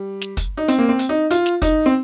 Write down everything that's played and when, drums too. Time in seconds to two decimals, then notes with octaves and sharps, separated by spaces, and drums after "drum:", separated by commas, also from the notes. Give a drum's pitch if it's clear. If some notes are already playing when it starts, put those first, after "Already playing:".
Already playing: G3
0.21 drum: snare
0.37 drum: kick, hi-hat
0.57 D#4
0.68 C4, drum: hi-hat
0.78 A#3
0.89 C4
0.99 drum: hi-hat
1.09 D#4
1.31 F4, drum: hi-hat
1.46 drum: snare
1.62 D#4, drum: kick, hi-hat
1.86 C4